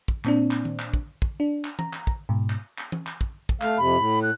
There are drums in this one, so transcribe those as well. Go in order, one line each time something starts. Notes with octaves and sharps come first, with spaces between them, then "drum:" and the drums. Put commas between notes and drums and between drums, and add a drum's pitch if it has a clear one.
drum: kick
A#2 C4 D4, drum: clap
drum: clap
drum: tom D#3
drum: clap
drum: kick
drum: kick
D4
drum: clap
A#5, drum: tom E3
drum: clap
drum: kick
G#2 B2
drum: clap
drum: clap
drum: tom E3
drum: clap
drum: kick
drum: kick
A3 F5, drum: clap
F2 C3 B5
A2
F#6